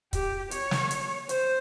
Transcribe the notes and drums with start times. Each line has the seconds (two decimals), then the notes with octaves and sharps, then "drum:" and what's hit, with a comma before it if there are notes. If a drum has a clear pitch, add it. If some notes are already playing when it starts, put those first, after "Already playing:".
0.13 G4, drum: kick, hi-hat
0.51 C#5, drum: hi-hat
0.71 drum: snare
0.91 drum: hi-hat
1.29 C5, drum: hi-hat